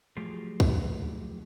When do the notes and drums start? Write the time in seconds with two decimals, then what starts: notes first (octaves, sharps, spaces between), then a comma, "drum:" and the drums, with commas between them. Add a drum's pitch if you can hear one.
0.17 F3 F#3 A3 F4 G4 G#4
0.60 drum: kick